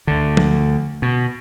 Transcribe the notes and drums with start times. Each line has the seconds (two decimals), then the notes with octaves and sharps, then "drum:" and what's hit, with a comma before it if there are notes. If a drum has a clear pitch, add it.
0.07 D2 D3
0.37 drum: tom
1.02 B2